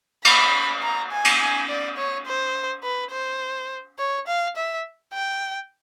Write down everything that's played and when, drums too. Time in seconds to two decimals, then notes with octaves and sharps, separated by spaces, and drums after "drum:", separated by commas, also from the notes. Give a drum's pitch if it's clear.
0.25 B5, drum: cymbal
0.82 A#5
1.12 G#5
1.25 drum: cymbal
1.41 G#5
1.68 D5
1.97 C#5
2.26 C5
2.84 B4
3.12 C5
3.99 C#5
4.27 F5
4.57 E5
5.14 G5